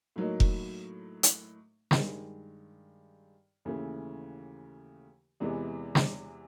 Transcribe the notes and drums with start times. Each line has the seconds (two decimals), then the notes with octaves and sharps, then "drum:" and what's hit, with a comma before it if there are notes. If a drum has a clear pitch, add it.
0.16 A2 F#3 A#3 D#4
0.40 drum: kick F1
1.23 drum: hi-hat
1.91 G2 D#3 G#3, drum: snare
3.65 D#2 C#3 E3 A3
5.40 E2 C3 E3 G#3 B3
5.95 drum: snare